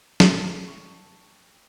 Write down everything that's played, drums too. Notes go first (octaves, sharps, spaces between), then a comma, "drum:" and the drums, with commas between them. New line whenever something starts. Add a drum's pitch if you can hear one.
A5, drum: snare
C#6